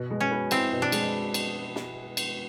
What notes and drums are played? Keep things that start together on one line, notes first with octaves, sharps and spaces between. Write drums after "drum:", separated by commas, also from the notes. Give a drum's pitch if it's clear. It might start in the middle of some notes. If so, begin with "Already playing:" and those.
Already playing: B2
G#3
C#4
B3
C4 E4, drum: cymbal
B2
D4
G#3, drum: cymbal
drum: cymbal
drum: snare
drum: cymbal